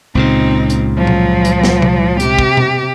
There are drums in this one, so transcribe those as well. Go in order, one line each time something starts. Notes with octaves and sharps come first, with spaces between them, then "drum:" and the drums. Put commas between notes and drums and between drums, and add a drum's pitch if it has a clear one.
C#2 A#2 C#3 C4 D#4
drum: hi-hat
F3 F#3
drum: tom B2
drum: hi-hat
drum: snare
drum: tom C3
C3 G4, drum: hi-hat
drum: kick
drum: tom B2